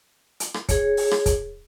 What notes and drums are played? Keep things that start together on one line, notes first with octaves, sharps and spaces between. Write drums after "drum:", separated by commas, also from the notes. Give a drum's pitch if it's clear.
drum: hi-hat
drum: rim click
G#4 C#5, drum: kick, hi-hat
drum: open hi-hat
drum: rim click
drum: kick, hi-hat